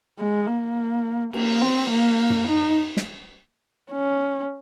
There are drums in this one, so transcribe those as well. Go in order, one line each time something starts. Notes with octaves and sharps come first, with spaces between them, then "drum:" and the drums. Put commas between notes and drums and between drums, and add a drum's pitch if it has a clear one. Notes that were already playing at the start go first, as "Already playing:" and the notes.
G#3
A#3
A#3, drum: cymbal
C4
A#3
drum: tom F#2
D#4
drum: snare
C#4